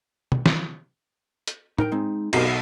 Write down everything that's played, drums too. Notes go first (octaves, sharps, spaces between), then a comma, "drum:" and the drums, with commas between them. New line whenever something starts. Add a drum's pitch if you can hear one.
drum: tom
drum: snare
drum: hi-hat
D#4 A#4 G5, drum: tom A2
G#3 C4 D#4
B1 C4 F#4 G4 A#4 C7, drum: cymbal
C#5 E5 F#5